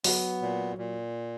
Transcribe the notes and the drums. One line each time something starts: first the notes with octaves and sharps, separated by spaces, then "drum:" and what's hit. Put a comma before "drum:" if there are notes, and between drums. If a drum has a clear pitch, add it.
F#3 B3, drum: open hi-hat
A#2
A#2